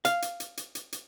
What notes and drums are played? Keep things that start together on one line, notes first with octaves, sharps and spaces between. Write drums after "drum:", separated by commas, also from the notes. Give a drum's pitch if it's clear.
F5, drum: hi-hat
drum: hi-hat
drum: hi-hat
drum: hi-hat
drum: hi-hat
drum: hi-hat